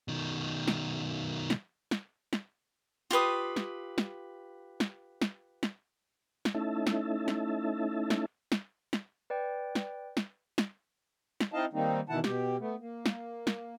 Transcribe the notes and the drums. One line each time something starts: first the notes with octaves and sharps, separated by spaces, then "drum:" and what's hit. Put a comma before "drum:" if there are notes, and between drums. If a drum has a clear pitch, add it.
B2 D#3
drum: snare
drum: snare
drum: snare
drum: snare
F4 G4 B4 D#6
drum: snare
drum: snare
drum: snare
drum: snare
drum: snare
drum: snare
A3 C#4 D#4 E4 E5 A5
drum: snare
drum: snare
drum: snare
drum: snare
drum: snare
B4 D5 G5
drum: snare
drum: snare
drum: snare
drum: snare
C4 D#4 E4 D#5 F5 A5
D#3 G3 A#3 C4 D#4
B2 D#3 E3 E4 F#5 A5
B2 G4, drum: snare
A3 B3
A#3
drum: snare
drum: snare